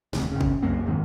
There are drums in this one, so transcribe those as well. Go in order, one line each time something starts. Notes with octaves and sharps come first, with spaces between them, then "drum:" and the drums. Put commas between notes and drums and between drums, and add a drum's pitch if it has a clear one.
D#1 D2 C3, drum: snare
G1 C#3
drum: kick A1
C2 F#2 A#3 C4
F#1 E2 G#2 D#3